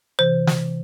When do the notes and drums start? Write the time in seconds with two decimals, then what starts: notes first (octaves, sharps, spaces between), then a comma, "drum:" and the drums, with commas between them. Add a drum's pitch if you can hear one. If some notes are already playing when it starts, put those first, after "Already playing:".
0.19 C3 E3 C5
0.47 drum: snare